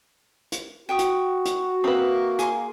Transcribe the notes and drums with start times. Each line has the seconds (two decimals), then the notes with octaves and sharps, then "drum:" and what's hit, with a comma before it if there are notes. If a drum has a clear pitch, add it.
0.52 drum: hi-hat
0.89 F#4 G5 C#6 D#6
0.99 drum: hi-hat
1.45 drum: hi-hat
1.84 A#3 C4 B4 E5 A#5 D#6
2.39 G#4 C6, drum: hi-hat